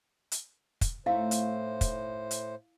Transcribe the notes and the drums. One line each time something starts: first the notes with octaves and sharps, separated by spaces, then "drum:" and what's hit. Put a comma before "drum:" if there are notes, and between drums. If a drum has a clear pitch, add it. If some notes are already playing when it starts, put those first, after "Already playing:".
drum: hi-hat
drum: kick, hi-hat
A2 A3 C4 D#4 E4 C5 F5
drum: hi-hat
drum: kick, hi-hat
drum: hi-hat